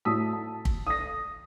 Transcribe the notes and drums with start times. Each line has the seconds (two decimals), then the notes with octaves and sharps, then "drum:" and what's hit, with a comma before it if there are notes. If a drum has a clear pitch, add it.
0.05 A2 F#4 A5 D#6 E6 B6
0.33 A5
0.65 drum: kick
0.87 D#6 A#6